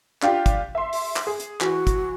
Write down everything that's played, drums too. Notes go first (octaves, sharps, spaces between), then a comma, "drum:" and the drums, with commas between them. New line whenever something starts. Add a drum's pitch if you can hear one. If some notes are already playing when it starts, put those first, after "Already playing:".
D4 F4 G4, drum: clap
drum: kick, hi-hat
E5 C6
drum: open hi-hat
drum: clap
G#4
drum: hi-hat
E3 F#4, drum: clap
drum: kick, hi-hat